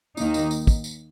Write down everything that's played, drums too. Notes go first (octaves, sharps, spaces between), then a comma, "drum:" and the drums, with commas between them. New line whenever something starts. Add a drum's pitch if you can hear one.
D#2 D#3 A#3 D#4, drum: tambourine
drum: tambourine
drum: tambourine
drum: kick, tambourine
drum: tambourine